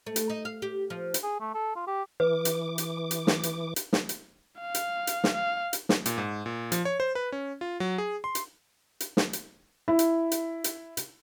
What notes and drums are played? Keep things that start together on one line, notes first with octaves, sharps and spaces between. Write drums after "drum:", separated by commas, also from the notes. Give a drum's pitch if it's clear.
A3
drum: hi-hat
D#4
F5
G4
F3
drum: hi-hat
G#4
A3
A4
F4
G4
E3 B4 D6
drum: hi-hat
drum: hi-hat
drum: hi-hat
drum: snare
drum: hi-hat
drum: hi-hat
drum: snare
drum: hi-hat
F5
drum: hi-hat
drum: hi-hat
drum: snare
F5
drum: hi-hat
drum: snare
A#2, drum: hi-hat
G#2
A#2
F3, drum: hi-hat
C#5
C5
B4
C#4
F4
F#3
G#4
C6
drum: hi-hat
drum: hi-hat
drum: snare
drum: hi-hat
E4
drum: hi-hat
drum: hi-hat
drum: hi-hat
drum: hi-hat